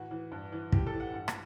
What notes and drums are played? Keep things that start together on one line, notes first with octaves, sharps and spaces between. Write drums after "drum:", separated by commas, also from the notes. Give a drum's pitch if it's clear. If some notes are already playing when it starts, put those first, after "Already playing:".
Already playing: A2 E3 F#4
E3
G2
E3
A2 G4, drum: kick
A4
E3
F#5
G2 F#5
drum: rim click